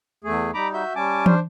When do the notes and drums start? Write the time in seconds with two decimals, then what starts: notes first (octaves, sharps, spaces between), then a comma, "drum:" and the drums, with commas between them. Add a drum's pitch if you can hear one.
0.24 E2 A3 G#4
0.54 G3 D#4 A#5 B5 D6
0.74 F#4 E5 G6
0.95 G3 C#4 G#5 A5 D6
1.26 D4 C5, drum: tom